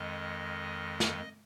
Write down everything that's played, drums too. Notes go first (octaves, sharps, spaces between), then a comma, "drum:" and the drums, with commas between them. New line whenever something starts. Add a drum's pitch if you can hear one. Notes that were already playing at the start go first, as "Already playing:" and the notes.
Already playing: F2 D#3 G#3 D#5
drum: snare